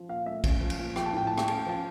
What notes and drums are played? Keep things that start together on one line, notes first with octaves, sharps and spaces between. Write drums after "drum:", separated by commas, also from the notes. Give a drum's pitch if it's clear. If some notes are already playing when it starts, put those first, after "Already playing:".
Already playing: F3
A#2 F5
A3 E5
C#4, drum: kick, cymbal
F3
drum: cymbal
A#2
F3 G5, drum: rim click
A5
A2 G5
A3 A5
G5, drum: rim click
C#4 A5, drum: cymbal
G5
F3 A5